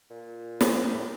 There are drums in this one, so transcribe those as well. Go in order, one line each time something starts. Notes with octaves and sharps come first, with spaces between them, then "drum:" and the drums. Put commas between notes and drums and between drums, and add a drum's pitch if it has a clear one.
A#2
drum: snare
A#2
A2